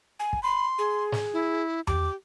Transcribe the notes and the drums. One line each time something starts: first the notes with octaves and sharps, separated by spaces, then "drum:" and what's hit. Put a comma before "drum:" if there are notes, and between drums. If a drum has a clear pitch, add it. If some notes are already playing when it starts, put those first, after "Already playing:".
G#5
drum: kick
B5 C6
G#4
drum: snare
E4
G4 D6, drum: tom E2